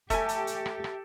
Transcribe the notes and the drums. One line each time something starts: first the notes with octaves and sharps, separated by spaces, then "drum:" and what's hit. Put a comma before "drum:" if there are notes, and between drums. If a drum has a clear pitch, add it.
A3 G4 A4 E5 G#5, drum: kick, hi-hat
drum: hi-hat
drum: hi-hat
drum: rim click
drum: rim click